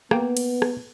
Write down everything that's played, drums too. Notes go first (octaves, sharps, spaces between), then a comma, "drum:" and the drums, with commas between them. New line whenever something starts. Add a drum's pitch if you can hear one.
A#3 B3 G5, drum: rim click
drum: cymbal
drum: rim click